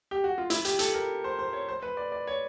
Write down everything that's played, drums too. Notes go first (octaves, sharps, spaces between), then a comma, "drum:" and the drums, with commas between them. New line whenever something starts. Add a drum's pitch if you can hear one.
G4
F#4
F4
E4, drum: hi-hat
G4, drum: hi-hat
A4, drum: hi-hat
A#4
C5
C5
C#5
C5
B4
D5
D5
C#5